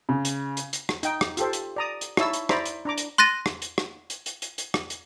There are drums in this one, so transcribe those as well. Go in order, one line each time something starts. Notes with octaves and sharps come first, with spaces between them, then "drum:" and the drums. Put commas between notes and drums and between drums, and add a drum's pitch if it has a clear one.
C#3
drum: hi-hat
drum: hi-hat
drum: hi-hat
drum: rim click
D#4 G5, drum: hi-hat
drum: rim click
F4 G4 A4 C5, drum: hi-hat
drum: hi-hat
D5 A#5 D#6
drum: hi-hat
D#4 E4 C#5 A5 E6, drum: rim click
drum: hi-hat
E4 C5 D5 A#5 B5 D6, drum: rim click
drum: hi-hat
D4 A#5 D6
drum: hi-hat
C6 F#6 A6 A#6 D#7
drum: rim click
drum: hi-hat
drum: rim click
drum: hi-hat
drum: hi-hat
drum: hi-hat
drum: hi-hat
drum: rim click
drum: hi-hat